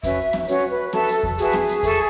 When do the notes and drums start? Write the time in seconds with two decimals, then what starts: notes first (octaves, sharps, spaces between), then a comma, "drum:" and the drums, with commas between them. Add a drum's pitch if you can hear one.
0.03 C#4 F#4 B4 E5, drum: kick E2, hi-hat
0.33 drum: snare C4
0.48 C#4 F#4 B4 C#5, drum: hi-hat
0.70 B4
0.93 F#4 A4 B4 E5 A5, drum: snare C4
1.08 drum: hi-hat
1.23 drum: kick E2
1.38 F#4 G#4 B4 E5 A5, drum: hi-hat
1.53 drum: snare C4
1.68 drum: hi-hat
1.83 A4 E5 G#5 C#6, drum: kick E2, hi-hat